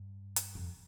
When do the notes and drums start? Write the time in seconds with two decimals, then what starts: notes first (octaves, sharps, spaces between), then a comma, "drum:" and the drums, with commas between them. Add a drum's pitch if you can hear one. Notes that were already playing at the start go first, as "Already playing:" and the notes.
Already playing: G2
0.36 drum: hi-hat
0.55 F2